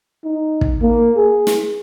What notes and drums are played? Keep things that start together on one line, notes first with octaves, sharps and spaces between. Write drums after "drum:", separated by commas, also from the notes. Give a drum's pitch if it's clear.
D#4
drum: kick
A#3
G#4
drum: snare